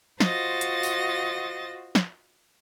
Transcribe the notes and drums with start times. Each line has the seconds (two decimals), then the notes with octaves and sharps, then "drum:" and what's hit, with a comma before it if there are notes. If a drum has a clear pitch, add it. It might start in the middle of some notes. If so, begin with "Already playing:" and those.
0.20 F4 F#4 C5 D#5 A6 A#6, drum: snare
0.61 drum: hi-hat
0.83 drum: tambourine
1.95 drum: snare